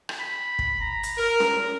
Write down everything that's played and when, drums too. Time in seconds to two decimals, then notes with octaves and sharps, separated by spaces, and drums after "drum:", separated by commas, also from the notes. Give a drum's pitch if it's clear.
0.09 drum: rim click
0.19 B5
0.59 drum: kick
0.81 A#5
1.03 drum: hi-hat
1.18 A#4
1.40 drum: snare C#4